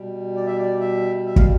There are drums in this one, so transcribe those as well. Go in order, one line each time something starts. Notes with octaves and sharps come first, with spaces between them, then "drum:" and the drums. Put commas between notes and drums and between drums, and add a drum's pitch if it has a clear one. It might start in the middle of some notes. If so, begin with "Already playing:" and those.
Already playing: B2 G3
D5
E5
D5
E5
E5
F5, drum: kick